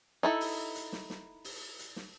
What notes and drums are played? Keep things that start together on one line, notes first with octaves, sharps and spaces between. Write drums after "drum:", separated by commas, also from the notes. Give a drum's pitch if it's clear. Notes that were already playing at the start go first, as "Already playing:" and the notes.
D#4 E4 A4
drum: open hi-hat
drum: hi-hat
drum: snare
drum: snare
drum: open hi-hat
drum: hi-hat
drum: snare